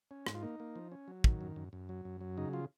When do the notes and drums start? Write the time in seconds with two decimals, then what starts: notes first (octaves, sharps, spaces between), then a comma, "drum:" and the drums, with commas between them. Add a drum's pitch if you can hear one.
0.11 C#4
0.26 G#2, drum: rim click
0.34 F4
0.43 A#3 D#4
0.60 A#3
0.76 F3
0.92 C#4
1.08 F#3
1.24 D#3, drum: kick
1.41 F#2
1.56 F#2
1.73 F#2
1.89 F#3
2.05 F#2
2.21 F#3
2.37 C#3 D#4
2.53 F4